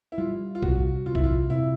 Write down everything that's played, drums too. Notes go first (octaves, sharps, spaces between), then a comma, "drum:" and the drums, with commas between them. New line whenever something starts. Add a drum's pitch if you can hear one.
E4
G3 F4
F4
C3 F#4, drum: kick B1
C3 F4
E4, drum: kick B1
F4
C3 E4